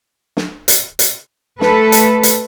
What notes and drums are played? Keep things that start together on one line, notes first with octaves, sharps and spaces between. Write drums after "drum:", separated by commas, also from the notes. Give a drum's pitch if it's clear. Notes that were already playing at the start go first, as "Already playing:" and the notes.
drum: snare
drum: hi-hat
drum: hi-hat
A3 A4 B4, drum: snare
drum: hi-hat
drum: hi-hat